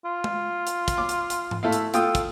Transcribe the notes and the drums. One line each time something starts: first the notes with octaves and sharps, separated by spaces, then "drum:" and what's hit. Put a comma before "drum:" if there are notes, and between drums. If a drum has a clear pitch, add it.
F4
drum: tom
drum: hi-hat
drum: kick, hi-hat
D6
drum: hi-hat
drum: hi-hat
drum: tom G#2
A3 E4 F5
drum: hi-hat
F4 A4 G5 D#6, drum: hi-hat
drum: kick, hi-hat